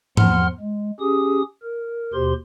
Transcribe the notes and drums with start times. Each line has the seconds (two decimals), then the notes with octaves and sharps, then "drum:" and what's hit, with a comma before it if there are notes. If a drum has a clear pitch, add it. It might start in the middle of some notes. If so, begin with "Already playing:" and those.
0.17 E2 F3 F#5 C6 F6, drum: tom
0.60 G#3
1.00 C#4 G4 G#4 D#6
1.62 A#4
2.14 D#2 B2 G4 C5 C6